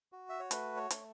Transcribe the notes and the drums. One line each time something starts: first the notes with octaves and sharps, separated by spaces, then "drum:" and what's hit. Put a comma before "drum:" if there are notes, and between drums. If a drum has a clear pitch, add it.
F#4
E5
C#5
A3 B4, drum: hi-hat
C#5
A3, drum: hi-hat